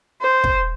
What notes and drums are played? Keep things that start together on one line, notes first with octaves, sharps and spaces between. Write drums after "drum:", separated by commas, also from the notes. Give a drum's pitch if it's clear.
C5
drum: kick